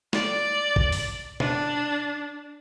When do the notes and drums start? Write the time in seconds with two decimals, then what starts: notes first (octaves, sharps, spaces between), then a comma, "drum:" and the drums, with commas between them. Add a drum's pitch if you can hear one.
0.13 D5, drum: snare
0.76 drum: kick A#1
0.92 drum: open hi-hat
1.40 D4, drum: tom